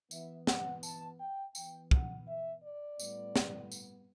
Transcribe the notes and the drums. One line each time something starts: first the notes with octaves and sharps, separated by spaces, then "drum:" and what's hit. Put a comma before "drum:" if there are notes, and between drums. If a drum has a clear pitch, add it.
E3 B3 E5, drum: tambourine
F#5, drum: snare
A5, drum: tambourine
G5
E3 B3 G5, drum: tambourine
F#5, drum: kick
E5
D5
A2 G3 B3, drum: tambourine
drum: snare
drum: tambourine